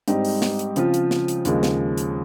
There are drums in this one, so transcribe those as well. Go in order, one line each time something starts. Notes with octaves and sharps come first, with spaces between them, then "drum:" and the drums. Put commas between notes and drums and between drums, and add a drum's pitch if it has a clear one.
G#2 G3 C4 D#4 G4, drum: hi-hat
drum: open hi-hat
drum: snare
drum: hi-hat
C#3 F3 C4 F4, drum: hi-hat
drum: hi-hat
drum: snare
drum: hi-hat
D#2 C#3 F3 G#3, drum: hi-hat
drum: snare
drum: hi-hat